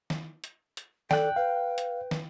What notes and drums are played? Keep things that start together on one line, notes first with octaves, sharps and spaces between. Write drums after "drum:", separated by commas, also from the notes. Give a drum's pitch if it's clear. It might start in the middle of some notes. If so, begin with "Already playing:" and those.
drum: snare
drum: hi-hat
drum: hi-hat
A4 D5 G5 F#6, drum: snare
B4 F5
drum: hi-hat
drum: snare